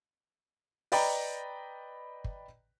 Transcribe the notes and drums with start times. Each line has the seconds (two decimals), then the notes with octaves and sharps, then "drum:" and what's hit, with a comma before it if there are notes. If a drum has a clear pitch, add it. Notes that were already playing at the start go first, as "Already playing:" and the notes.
0.92 B4 D5 D#5 G5 A#5 B5, drum: open hi-hat
2.24 drum: kick